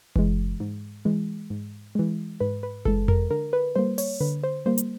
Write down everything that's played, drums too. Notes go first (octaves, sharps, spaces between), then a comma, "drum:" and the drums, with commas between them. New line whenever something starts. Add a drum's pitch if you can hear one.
E3 G#3, drum: kick F#1
G#2
E3 G#3
G#2
E3 G#3
G#2 B4
B4
E3 G#3 A4, drum: kick F#1
A#4, drum: tom F2
D3 A#4
B4
G3 A#3 C5
C#5, drum: open hi-hat
D3 B4
C5
G3 A#3 C5
drum: hi-hat